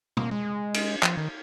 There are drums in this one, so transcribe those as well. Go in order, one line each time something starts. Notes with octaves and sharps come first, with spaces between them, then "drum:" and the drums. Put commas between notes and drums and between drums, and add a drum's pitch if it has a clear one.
A#3, drum: tom B2
G#3
drum: cymbal
F3, drum: clap
D#3